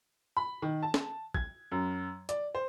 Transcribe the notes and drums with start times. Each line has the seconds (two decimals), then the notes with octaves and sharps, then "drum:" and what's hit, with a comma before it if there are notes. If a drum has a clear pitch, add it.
0.37 B5
0.62 D#3
0.83 A5
0.94 drum: snare
1.34 G#6, drum: kick
1.72 F#2
2.29 D5, drum: hi-hat
2.55 C5